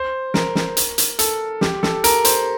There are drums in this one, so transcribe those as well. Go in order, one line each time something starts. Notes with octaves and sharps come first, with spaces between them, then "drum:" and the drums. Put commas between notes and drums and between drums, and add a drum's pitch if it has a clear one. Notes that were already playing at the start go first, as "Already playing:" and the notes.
Already playing: C5
A#4, drum: snare
drum: snare
drum: hi-hat
drum: hi-hat
A4, drum: hi-hat
G4, drum: snare
A4, drum: snare
A#4, drum: hi-hat
C5, drum: hi-hat